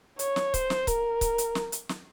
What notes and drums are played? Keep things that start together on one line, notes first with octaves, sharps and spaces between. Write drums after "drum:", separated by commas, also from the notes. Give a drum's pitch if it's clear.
C#5, drum: hi-hat
drum: snare
C5, drum: kick C#1, hi-hat
drum: snare
A#4, drum: kick C#1, hi-hat
drum: kick C#1, hi-hat
drum: hi-hat
drum: snare
drum: hi-hat
drum: snare